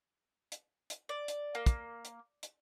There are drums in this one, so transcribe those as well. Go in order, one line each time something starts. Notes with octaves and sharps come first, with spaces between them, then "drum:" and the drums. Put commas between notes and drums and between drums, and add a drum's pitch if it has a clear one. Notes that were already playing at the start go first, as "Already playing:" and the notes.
drum: hi-hat
drum: hi-hat
D5
drum: hi-hat
A#3
drum: kick, hi-hat
drum: hi-hat
drum: hi-hat